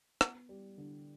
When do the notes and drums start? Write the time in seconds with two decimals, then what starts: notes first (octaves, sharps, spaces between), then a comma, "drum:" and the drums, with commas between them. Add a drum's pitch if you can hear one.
0.21 B3, drum: rim click
0.49 G3
0.78 D3